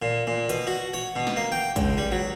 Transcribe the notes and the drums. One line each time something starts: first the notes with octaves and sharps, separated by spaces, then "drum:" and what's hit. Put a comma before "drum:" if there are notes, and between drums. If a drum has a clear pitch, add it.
A#2
A#2
B2, drum: hi-hat
F#4
C#5
B2
drum: snare
A#3
G5
C#2, drum: kick, hi-hat
G3
F#3